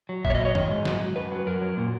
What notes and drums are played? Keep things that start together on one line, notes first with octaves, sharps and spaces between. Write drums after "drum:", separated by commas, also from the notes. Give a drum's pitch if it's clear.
F#3
A#2 E5, drum: kick G#1
C#5
D#5
F#3 C#5
D#3 D#5, drum: tom F#2
G#2
F#3, drum: snare
F#3
F#2 B4
F#3
F#2 A#4
F#3
A#2